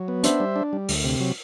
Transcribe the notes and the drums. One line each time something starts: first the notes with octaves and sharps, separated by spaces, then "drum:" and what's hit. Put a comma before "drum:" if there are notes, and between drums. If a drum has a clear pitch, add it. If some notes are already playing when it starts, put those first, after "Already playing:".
Already playing: F#3
B3
D4 C5 E5, drum: hi-hat
G3
D4
G3
D2, drum: open hi-hat
C3
F#3